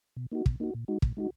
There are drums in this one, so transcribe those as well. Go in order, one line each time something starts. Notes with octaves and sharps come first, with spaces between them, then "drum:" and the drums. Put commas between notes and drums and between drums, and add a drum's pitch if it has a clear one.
B2
A#3 D#4 F#4
B2, drum: kick
A#3 D#4 F#4
A#2
G#3 D#4 F#4
A#2, drum: kick
G#3 D#4 F#4